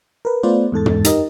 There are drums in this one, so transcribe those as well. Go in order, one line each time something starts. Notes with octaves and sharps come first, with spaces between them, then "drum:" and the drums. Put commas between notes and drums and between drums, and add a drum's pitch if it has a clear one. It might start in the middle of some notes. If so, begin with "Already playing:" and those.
A#4 B4
A3 B3 F4 B4 C5 D5
E2 G#2 A4 A6
drum: tom
D#4 G4 A#4 D#5, drum: hi-hat